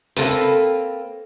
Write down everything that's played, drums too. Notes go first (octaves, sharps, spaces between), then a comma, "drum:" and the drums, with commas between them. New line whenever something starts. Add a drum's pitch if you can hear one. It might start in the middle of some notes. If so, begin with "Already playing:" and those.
A#3 C4 F4 G4 A4 B4, drum: tambourine